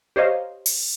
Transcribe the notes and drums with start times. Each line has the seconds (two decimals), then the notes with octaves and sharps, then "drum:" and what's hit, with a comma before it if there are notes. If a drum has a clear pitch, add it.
0.16 G4 C5 C#5 D#5 F5 A#5
0.66 drum: open hi-hat